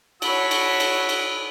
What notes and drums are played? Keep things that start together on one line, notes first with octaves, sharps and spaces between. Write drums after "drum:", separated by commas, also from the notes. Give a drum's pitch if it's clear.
F#4 C#5 A5 B5 E6, drum: cymbal
drum: cymbal
drum: cymbal
drum: cymbal